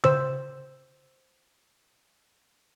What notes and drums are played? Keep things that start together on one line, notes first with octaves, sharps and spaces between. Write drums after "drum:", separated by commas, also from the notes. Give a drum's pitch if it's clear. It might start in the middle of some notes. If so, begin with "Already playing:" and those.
C5 E6, drum: tom C#3